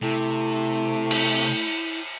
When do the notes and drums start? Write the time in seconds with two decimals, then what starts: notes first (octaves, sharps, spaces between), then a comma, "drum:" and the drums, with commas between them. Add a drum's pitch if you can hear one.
0.02 C3 A3 E4
1.11 drum: cymbal